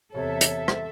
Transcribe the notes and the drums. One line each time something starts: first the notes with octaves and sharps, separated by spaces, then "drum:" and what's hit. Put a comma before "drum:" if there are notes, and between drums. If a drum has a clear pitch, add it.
E2 C3 A4 C#5 E5
drum: hi-hat
drum: rim click